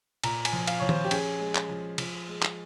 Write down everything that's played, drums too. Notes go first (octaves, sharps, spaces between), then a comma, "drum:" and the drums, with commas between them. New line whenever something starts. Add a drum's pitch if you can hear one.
A#2 A#5, drum: cymbal
G#5, drum: cymbal
F3
F5, drum: cymbal
F3 C#5
C5, drum: tom D#3
G4
C#4 G#4, drum: cymbal
G#3
drum: clap
F3
F3, drum: cymbal
G#3
drum: clap